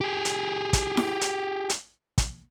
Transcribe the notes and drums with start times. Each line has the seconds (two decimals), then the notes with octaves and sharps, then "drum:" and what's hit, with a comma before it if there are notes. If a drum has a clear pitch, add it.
0.01 G4 G#4
0.25 drum: hi-hat
0.73 drum: kick, hi-hat
0.97 drum: snare E4
1.21 drum: hi-hat
1.69 drum: hi-hat
2.18 drum: kick, hi-hat